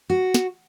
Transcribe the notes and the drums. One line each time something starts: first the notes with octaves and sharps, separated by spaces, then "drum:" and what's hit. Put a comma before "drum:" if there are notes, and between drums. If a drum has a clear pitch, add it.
F#4
drum: snare